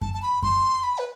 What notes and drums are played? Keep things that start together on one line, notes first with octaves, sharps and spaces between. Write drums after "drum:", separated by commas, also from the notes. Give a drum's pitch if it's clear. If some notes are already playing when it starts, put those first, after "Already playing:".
A5, drum: kick F#2
A5
B5
C6, drum: kick F#2
B5
B4